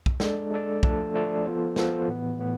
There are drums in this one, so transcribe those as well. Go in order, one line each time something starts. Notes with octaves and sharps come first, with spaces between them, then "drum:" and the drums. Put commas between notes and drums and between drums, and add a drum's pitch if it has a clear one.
drum: kick
G#3 D4 A4 D5, drum: snare
G#3 D4 A4 D5
F3 A3 D4 A4 D5, drum: kick
F3 A3 D4 A4 D5
F3 B3 F4 A4 C5
F3 B3 F4 A4 C5, drum: snare
A2 E3 B3
A2 E3 B3